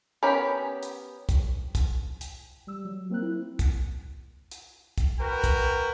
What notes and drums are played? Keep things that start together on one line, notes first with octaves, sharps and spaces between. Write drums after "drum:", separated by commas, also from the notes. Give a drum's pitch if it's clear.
B3 C#4 G4 A#4 B5
drum: hi-hat
drum: kick, hi-hat
drum: kick, hi-hat
drum: hi-hat
G3 E6
F#3
F#3 A#3 C4 A#4 F#6
E4
drum: kick, hi-hat
drum: hi-hat
drum: kick, hi-hat
F#4 A#4 B4 G5
drum: kick, hi-hat